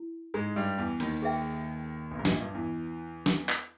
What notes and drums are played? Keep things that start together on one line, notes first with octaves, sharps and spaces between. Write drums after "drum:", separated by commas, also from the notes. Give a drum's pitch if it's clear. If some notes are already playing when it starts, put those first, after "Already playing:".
Already playing: E4
G#2 G#3
G2 G3
E2 E3
D#2 D#3, drum: cymbal
G#4 B4 E5 G5
B1 B2
G#2
A#1 A#2, drum: snare
G2
E2 E3
drum: snare
drum: clap